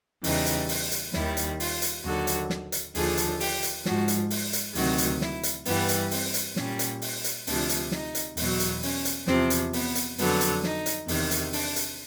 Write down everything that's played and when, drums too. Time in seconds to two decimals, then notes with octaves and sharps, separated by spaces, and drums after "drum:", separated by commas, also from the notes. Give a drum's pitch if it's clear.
0.24 E2 C#3 E3 G3 D#4, drum: open hi-hat
0.46 drum: hi-hat
0.69 drum: open hi-hat
0.91 drum: hi-hat
1.13 D#2 D#3 G3 E4, drum: snare
1.37 drum: hi-hat
1.60 F4, drum: open hi-hat
1.82 drum: hi-hat
2.04 D#2 D3 F#3 F#4
2.27 drum: hi-hat
2.50 drum: snare
2.72 drum: hi-hat
2.95 D#2 D3 F3 G#4, drum: open hi-hat
3.17 drum: hi-hat
3.40 G4, drum: open hi-hat
3.63 drum: hi-hat
3.85 G#2 F3 F#4, drum: snare
4.08 drum: hi-hat
4.30 drum: open hi-hat
4.53 drum: hi-hat
4.75 D2 C3 D#3 F#3 F#4, drum: open hi-hat
4.98 drum: hi-hat
5.21 E4, drum: snare
5.43 drum: hi-hat
5.65 G2 E3 G3 B3, drum: open hi-hat
5.89 drum: hi-hat
6.11 C4, drum: open hi-hat
6.34 drum: hi-hat
6.56 A#2 G3 C#4, drum: snare
6.79 drum: hi-hat
7.02 drum: open hi-hat
7.24 drum: hi-hat
7.47 D2 C3 F3 D4, drum: open hi-hat
7.69 drum: hi-hat
7.91 D#4, drum: snare
8.15 drum: hi-hat
8.37 E2 B2 F#3, drum: open hi-hat
8.60 drum: hi-hat
8.83 C#4, drum: open hi-hat
9.05 drum: hi-hat
9.27 E2 C3 F3 C4, drum: snare
9.50 drum: hi-hat
9.73 B3, drum: open hi-hat
9.95 drum: hi-hat
10.18 F2 D3 F#3 B3, drum: open hi-hat
10.41 drum: hi-hat
10.63 D#4, drum: snare
10.86 drum: hi-hat
11.08 E2 C3 D#3, drum: open hi-hat
11.31 drum: hi-hat
11.53 D4, drum: open hi-hat
11.76 drum: hi-hat